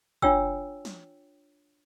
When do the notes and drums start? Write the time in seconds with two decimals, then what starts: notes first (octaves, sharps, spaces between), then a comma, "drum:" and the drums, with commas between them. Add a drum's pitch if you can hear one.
0.22 D4 F4 C#5 G5 E6, drum: kick
0.85 drum: snare